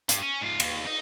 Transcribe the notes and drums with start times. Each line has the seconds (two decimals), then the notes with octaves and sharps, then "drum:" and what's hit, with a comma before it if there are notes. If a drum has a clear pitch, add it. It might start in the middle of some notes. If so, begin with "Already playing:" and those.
0.09 G2, drum: hi-hat
0.23 C#4
0.42 G#2 F4
0.60 D#2, drum: cymbal
0.87 D#4